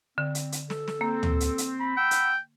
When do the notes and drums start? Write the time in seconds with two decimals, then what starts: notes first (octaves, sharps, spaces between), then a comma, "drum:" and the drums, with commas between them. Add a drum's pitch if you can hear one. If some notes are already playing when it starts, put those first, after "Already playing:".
0.18 D3 C4
0.35 drum: hi-hat
0.52 drum: hi-hat
0.70 A4, drum: snare
0.88 drum: snare
1.01 A#3 C4
1.23 drum: tom
1.40 drum: hi-hat
1.58 drum: hi-hat
1.80 B5
1.97 F#5 G5 E6
2.11 drum: hi-hat